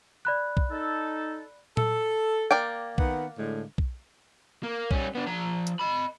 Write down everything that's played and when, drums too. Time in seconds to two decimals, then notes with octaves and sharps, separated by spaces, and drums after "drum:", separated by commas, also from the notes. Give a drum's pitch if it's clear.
0.25 D5 B5 F#6
0.57 drum: kick B1
0.71 D#4 A4
1.77 A4, drum: tom A#2
2.51 A#3 D5 G5
2.98 D#3 B3 F#5, drum: kick B1
3.38 A2 D3 G#3
3.78 drum: kick B1
4.63 A#3
4.91 G3 C#4, drum: kick B1
5.15 B3 D4
5.27 F3 A#5
5.67 drum: hi-hat
5.79 D#5 B5